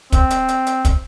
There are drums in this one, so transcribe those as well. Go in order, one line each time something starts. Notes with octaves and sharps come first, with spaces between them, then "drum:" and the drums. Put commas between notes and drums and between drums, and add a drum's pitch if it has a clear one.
C4, drum: kick, hi-hat
drum: hi-hat
drum: hi-hat
drum: hi-hat
drum: kick, hi-hat